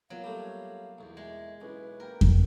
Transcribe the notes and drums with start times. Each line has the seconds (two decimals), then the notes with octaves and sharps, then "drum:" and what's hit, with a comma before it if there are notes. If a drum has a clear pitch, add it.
0.10 F#3 A#3 B3 F4 F5
0.24 G3 A3
0.98 B1 E2
1.17 G#3 E5
1.61 B1 C#4 E4 B4
2.00 A#3 A#4 G5
2.21 drum: kick F2